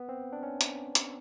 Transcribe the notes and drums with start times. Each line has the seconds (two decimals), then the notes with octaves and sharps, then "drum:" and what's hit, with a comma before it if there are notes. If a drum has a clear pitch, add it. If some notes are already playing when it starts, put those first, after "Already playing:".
Already playing: B3
0.09 C4
0.33 D4
0.43 C#4
0.61 drum: hi-hat
0.95 drum: hi-hat